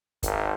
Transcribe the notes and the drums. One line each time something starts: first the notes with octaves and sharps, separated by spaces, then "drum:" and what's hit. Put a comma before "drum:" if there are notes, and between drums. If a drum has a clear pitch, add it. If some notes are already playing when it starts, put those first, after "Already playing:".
G#1, drum: kick, hi-hat